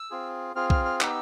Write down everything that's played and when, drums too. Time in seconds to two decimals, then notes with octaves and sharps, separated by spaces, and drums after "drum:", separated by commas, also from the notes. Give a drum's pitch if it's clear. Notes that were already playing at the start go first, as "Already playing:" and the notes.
Already playing: E6
0.11 C4 F4 G#4
0.55 C4 F4 G#4 F6
0.70 F6, drum: kick B1
0.85 F6
1.01 B3 D#4 G4 E6, drum: clap